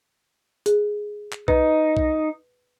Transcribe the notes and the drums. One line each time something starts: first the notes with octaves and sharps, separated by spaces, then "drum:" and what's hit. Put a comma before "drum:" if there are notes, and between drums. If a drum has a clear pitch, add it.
G#4, drum: hi-hat
drum: clap
D#4 B4, drum: kick B1
drum: kick B1